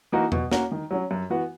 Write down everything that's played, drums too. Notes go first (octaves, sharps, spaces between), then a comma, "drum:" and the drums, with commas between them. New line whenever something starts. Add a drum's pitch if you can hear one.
E3 A#3 D#4 F#4
B2, drum: tom E2
A#3 C#4 F#4, drum: snare
D#3
F#3 C#4
F#2
E3 B3 F#4